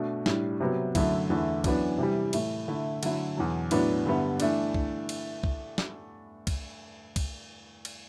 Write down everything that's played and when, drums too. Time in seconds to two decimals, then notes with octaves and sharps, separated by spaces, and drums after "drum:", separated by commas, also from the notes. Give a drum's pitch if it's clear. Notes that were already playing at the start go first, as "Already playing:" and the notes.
Already playing: B2 A3 D4
0.26 A2 G3 D4, drum: snare
0.60 C3 F#3 B3
0.95 F#2 D3 A3 E4, drum: kick, cymbal
1.30 E2 D3 A3 E4
1.64 F#2 E3 B3 D4, drum: kick, cymbal
1.98 C3 E3 G3
2.33 A2 E3 A3, drum: cymbal
2.68 D3 A3 E4
3.03 D3 F#3 A3 E4, drum: cymbal
3.37 E2 B2 F#3
3.71 A2 F#3 B3 D4, drum: cymbal
4.06 G2 D3 G3 B3 E4
4.40 E3 A3 D4, drum: cymbal
4.74 drum: kick
5.09 drum: cymbal
5.43 drum: kick
5.78 drum: snare
6.47 drum: kick, cymbal
7.16 drum: kick, cymbal
7.85 drum: cymbal